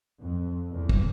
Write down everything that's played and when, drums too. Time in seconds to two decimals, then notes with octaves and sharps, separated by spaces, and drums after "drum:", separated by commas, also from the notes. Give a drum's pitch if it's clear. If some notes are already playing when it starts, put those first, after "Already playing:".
0.21 F2
0.71 E2
0.89 drum: kick